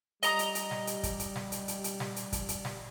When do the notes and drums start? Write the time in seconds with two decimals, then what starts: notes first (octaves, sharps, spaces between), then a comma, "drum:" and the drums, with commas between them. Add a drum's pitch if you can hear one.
0.23 G3 D#5 A#5 D#6, drum: hi-hat
0.39 drum: hi-hat
0.55 drum: hi-hat
0.71 drum: snare
0.87 drum: hi-hat
1.03 drum: kick, hi-hat
1.19 drum: hi-hat
1.36 drum: snare
1.52 drum: hi-hat
1.68 drum: hi-hat
1.84 drum: hi-hat
2.00 drum: snare
2.16 drum: hi-hat
2.32 drum: kick, hi-hat
2.49 drum: hi-hat
2.65 drum: snare